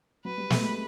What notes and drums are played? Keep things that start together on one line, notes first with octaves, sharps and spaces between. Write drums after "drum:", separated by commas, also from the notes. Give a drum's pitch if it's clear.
F#3 B4
G3
A3, drum: snare
G#3